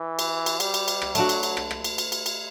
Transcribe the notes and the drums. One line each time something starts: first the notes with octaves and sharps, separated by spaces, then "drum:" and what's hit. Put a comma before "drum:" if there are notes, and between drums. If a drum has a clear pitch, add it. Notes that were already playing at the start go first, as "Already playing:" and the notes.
Already playing: E3
drum: cymbal
drum: cymbal
G3, drum: cymbal
drum: cymbal
drum: cymbal
drum: rim click
F#3 A3 D4 F#4, drum: cymbal
drum: cymbal
drum: cymbal
drum: rim click
drum: rim click
drum: cymbal
drum: cymbal
drum: cymbal
drum: cymbal